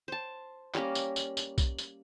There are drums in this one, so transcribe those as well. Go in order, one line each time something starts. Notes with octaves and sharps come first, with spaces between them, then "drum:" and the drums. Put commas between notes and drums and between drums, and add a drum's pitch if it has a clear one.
C5 A5
G3 A#3 C#4 A#4, drum: clap
drum: tambourine
drum: tambourine
drum: tambourine
drum: kick B1, tambourine
drum: tambourine